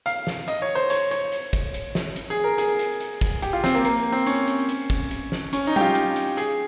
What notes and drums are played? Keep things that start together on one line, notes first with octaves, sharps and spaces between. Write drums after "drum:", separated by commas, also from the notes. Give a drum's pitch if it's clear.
F5, drum: hi-hat
drum: snare
D#5, drum: hi-hat
C#5
C5
C#5, drum: hi-hat
C#5, drum: hi-hat
drum: hi-hat
drum: kick, hi-hat
drum: hi-hat
drum: snare
drum: hi-hat
G#4
A#4
G#4, drum: hi-hat
drum: hi-hat
drum: hi-hat
drum: kick, hi-hat
G4, drum: hi-hat
F4
C4, drum: snare
A#3
A#3, drum: hi-hat
C4
C#4, drum: hi-hat
drum: hi-hat
drum: hi-hat
drum: kick, hi-hat
drum: hi-hat
drum: snare
C#4, drum: hi-hat
D#4
G4, drum: tom F#3
F4
drum: hi-hat
drum: hi-hat
G#4, drum: hi-hat